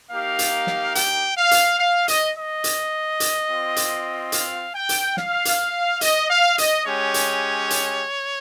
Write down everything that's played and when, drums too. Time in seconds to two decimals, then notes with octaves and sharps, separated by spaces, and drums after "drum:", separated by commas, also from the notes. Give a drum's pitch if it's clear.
0.10 A#3 D#4 G4 F5
0.39 drum: hi-hat
0.67 drum: snare
0.95 G5, drum: hi-hat
1.37 F5
1.51 drum: hi-hat
1.79 F5
2.08 D#5, drum: hi-hat
2.35 D#5
2.64 drum: hi-hat
3.20 drum: hi-hat
3.48 C4 F4
3.76 drum: hi-hat
4.32 F5, drum: hi-hat
4.75 G5
4.89 drum: hi-hat
5.17 F5, drum: snare
5.45 drum: hi-hat
6.01 D#5, drum: hi-hat
6.30 F5
6.58 D#5, drum: hi-hat
6.86 G#3 C#4 G4 C#5
7.14 drum: hi-hat
7.70 drum: hi-hat